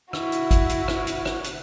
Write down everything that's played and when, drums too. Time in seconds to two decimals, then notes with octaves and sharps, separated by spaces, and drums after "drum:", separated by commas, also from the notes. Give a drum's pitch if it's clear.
0.13 E4 F#4, drum: rim click
0.32 drum: hi-hat
0.51 drum: kick G#1, hi-hat
0.69 drum: hi-hat
0.88 drum: rim click
1.07 drum: hi-hat
1.26 drum: rim click
1.44 drum: hi-hat